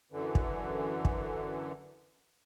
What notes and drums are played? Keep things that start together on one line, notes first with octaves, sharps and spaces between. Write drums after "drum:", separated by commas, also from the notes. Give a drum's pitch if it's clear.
F#2 D3 E3
drum: kick
drum: kick